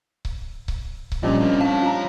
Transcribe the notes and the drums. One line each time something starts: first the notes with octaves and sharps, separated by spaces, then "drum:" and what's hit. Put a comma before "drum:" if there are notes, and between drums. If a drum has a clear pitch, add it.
drum: kick C#1
drum: kick C#1
drum: kick C#1
A#2 F3 G3 C#4 D4 D#5
C4 A#4
C#5 F5 A5
F4 A#5